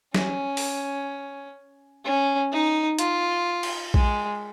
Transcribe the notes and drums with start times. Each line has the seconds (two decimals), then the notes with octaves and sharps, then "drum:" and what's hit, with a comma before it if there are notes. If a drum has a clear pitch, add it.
0.14 C#4, drum: snare
0.57 drum: open hi-hat
2.04 C#4
2.52 D#4
2.99 F4, drum: hi-hat
3.63 drum: cymbal
3.94 G#3, drum: kick A#1